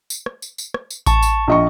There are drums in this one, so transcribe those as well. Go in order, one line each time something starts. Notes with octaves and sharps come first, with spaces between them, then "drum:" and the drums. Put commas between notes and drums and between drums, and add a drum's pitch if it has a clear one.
drum: tambourine
drum: rim click
drum: tambourine
drum: tambourine
drum: rim click
drum: tambourine
A5 C#6, drum: kick A1, tambourine
drum: tambourine
A#1 D#5 C#6